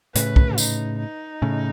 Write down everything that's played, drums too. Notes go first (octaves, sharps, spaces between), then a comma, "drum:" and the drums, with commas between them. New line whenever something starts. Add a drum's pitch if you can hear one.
A2 C#3 B4, drum: hi-hat
drum: kick
D#4, drum: tambourine
D#4
A2 C#3